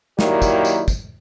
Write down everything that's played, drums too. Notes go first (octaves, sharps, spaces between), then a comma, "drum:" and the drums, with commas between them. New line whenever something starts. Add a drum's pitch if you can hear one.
D#3 F#3 A#3 E4 G4 D5, drum: snare
drum: kick, tambourine
drum: tambourine
drum: kick, tambourine